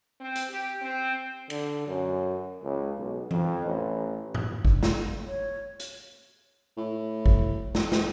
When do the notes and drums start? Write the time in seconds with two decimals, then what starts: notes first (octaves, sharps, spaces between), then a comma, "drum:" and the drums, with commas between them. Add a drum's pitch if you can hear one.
0.21 C4
0.36 drum: hi-hat
0.49 G4
0.82 C4
1.50 D3, drum: cymbal
1.87 F#2
2.64 C#2
2.98 B1
3.31 F2, drum: tom E3
3.66 A1
4.35 drum: tom G#2
4.65 drum: kick
4.83 drum: snare
5.26 C#5
5.80 drum: hi-hat
6.77 A2
7.26 drum: kick
7.75 drum: snare
7.92 drum: snare